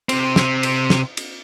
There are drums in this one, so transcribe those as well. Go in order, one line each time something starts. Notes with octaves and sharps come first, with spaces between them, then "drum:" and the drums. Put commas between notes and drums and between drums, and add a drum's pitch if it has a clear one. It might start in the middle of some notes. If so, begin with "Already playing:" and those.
C3 C4, drum: cymbal
drum: snare
drum: cymbal
drum: snare
drum: cymbal